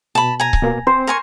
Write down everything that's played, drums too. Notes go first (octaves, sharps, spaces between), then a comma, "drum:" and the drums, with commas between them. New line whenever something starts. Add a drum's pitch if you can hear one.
B2 A5 B5
G#5 A#5
drum: kick C#1
B2 A#3
C4 C5
A#4 G#5 C#6